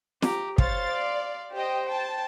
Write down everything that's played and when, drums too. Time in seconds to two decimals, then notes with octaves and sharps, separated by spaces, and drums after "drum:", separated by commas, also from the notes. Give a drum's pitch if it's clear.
0.22 G4 A#5, drum: snare
0.58 C5 C#5 F5 C6 A6, drum: kick
0.88 D5
1.53 G4 C5 D#5 G5
1.87 G5 A5